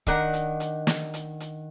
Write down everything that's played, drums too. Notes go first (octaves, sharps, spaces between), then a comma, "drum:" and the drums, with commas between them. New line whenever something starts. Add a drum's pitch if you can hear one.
D#3 D4 A#4 F#5, drum: kick C#1, hi-hat
drum: hi-hat
drum: hi-hat
drum: snare
drum: hi-hat
drum: hi-hat